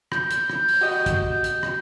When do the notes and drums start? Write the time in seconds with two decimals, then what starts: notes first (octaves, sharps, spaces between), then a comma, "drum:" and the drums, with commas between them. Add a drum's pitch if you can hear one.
0.12 G6, drum: rim click
0.31 drum: hi-hat
0.50 drum: rim click
0.68 drum: open hi-hat
0.81 F#4 G4 D#5
1.06 drum: kick, hi-hat
1.44 drum: hi-hat
1.63 drum: rim click